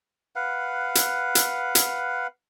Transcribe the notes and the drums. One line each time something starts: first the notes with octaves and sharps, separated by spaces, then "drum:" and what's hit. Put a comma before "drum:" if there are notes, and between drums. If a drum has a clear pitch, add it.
B4 F5 F#5
drum: hi-hat
drum: hi-hat
drum: hi-hat